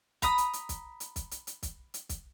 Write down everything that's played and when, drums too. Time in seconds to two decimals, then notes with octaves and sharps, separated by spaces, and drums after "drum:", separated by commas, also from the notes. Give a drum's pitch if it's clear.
0.22 A#5 B5 D#6, drum: kick, hi-hat
0.38 drum: hi-hat
0.53 drum: hi-hat
0.69 drum: kick, hi-hat
1.00 drum: hi-hat
1.16 drum: kick, hi-hat
1.31 drum: hi-hat
1.47 drum: hi-hat
1.63 drum: kick, hi-hat
1.94 drum: hi-hat
2.09 drum: kick, hi-hat